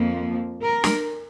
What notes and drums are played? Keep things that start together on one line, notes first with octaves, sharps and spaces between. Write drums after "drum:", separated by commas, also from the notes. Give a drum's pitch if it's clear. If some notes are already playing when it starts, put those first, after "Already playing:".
Already playing: F2 F3 A#3
A#4
drum: snare